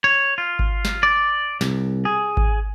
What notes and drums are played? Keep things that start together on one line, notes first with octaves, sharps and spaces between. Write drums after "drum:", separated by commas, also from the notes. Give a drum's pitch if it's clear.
C#5
F4
drum: kick G#1
drum: snare
D5
C2, drum: snare
G#4
drum: kick G#1